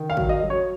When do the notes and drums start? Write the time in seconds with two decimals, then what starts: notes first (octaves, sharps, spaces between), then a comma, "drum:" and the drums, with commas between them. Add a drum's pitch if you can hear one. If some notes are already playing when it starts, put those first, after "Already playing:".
Already playing: D#3
0.10 F5
0.17 F#3, drum: kick
0.29 D#5
0.43 F#3
0.50 C#5